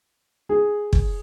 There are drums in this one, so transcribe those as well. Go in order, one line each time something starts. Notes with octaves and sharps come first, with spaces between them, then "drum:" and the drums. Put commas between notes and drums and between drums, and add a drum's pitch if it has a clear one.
G#4
drum: kick